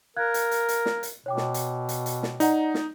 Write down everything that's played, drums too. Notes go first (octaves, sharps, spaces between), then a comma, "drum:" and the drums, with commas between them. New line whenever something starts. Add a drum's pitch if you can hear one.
A#4 F5 F#6 G#6
drum: hi-hat
drum: hi-hat
drum: hi-hat
drum: snare
drum: hi-hat
B2 C#5 G5 D6
drum: snare
drum: hi-hat
drum: hi-hat
drum: hi-hat
drum: snare
D#4 D5 F#5 A#5, drum: hi-hat
drum: snare